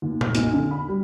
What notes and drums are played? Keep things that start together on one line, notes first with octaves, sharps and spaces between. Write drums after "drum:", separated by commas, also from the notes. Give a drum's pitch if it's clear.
D#2
F6, drum: tom A#2
B1, drum: hi-hat
D3
B5
G3